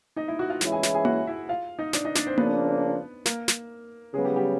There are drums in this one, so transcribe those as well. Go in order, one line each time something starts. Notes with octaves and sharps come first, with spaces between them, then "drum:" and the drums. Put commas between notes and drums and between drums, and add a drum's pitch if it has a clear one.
D#4 D#5
E4 E5
F#4 F#5
F4 F5
E3 G#3 C#4 E4, drum: snare
G#4 G#5
drum: snare
G#4 G#5
F#4 F#5, drum: tom A#3
E4 E5
F4 F5
D#4 D#5
D4 D5, drum: snare
D#4 D#5
D4 D5, drum: snare
C4 C5
C#3 F3 A#3 B3 D4 B4, drum: tom A#3
A#3 A#4, drum: snare
drum: snare
C#3 F#3 G#3 B3 G#4
G3 G4
G3 G4